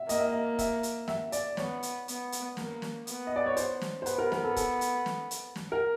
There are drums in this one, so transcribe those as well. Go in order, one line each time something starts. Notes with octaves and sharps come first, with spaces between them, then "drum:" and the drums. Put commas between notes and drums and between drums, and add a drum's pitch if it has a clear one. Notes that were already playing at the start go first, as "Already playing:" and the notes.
Already playing: E5
A#3 D#5, drum: hi-hat
E5
D#5
E5, drum: kick, hi-hat
drum: hi-hat
E5, drum: snare
D5, drum: hi-hat
B3 C#5, drum: snare
drum: hi-hat
B3, drum: hi-hat
drum: hi-hat
A#3, drum: snare
drum: snare
B3, drum: hi-hat
D#5
D5
C#5
C5, drum: hi-hat
drum: snare
C5
B3 B4, drum: hi-hat
A#4
A#4, drum: snare
A4
A4, drum: kick, hi-hat
drum: hi-hat
drum: snare
drum: hi-hat
drum: snare
A#4